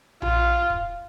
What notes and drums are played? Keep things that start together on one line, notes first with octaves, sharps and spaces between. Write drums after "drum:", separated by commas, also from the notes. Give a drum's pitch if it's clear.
F4, drum: tom A#1
drum: kick